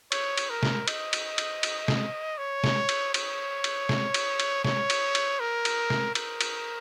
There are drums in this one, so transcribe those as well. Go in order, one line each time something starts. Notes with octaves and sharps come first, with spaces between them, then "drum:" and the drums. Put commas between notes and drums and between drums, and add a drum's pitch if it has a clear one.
C#5, drum: cymbal
drum: cymbal
A#4
drum: snare
D#5, drum: cymbal
drum: cymbal
drum: cymbal
drum: cymbal
drum: snare
C#5
drum: snare
drum: cymbal
C#5, drum: cymbal
drum: cymbal
drum: snare
drum: cymbal
drum: cymbal
C#5, drum: snare
drum: cymbal
drum: cymbal
A#4
drum: cymbal
drum: snare
A#4, drum: cymbal
drum: cymbal